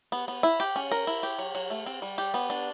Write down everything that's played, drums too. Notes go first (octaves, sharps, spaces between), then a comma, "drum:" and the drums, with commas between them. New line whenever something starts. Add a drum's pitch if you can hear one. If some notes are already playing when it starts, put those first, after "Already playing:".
B3, drum: cymbal
B3, drum: cymbal
E4
G4, drum: cymbal
C#4, drum: cymbal
A#4, drum: cymbal
E4, drum: cymbal
G4, drum: cymbal
F#3, drum: cymbal
F#3, drum: cymbal
A3
C4, drum: cymbal
G3
G4, drum: cymbal
B3, drum: cymbal
D4, drum: cymbal